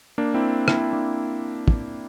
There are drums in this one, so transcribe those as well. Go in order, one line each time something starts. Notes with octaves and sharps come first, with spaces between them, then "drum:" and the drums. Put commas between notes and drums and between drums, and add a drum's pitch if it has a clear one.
A#3 D4
C4 E4
C4 E4, drum: rim click
A#3 D4
drum: kick